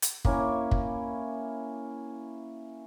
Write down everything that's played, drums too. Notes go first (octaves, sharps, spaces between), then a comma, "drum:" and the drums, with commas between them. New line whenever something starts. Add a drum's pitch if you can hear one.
drum: hi-hat
A#3 C#4 E4 C#5, drum: kick
drum: kick